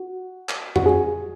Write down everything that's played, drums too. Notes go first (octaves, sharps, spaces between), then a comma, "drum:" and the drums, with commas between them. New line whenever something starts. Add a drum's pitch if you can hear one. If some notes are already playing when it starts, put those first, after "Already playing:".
Already playing: F#4
drum: clap
F#4, drum: tom F2
G#4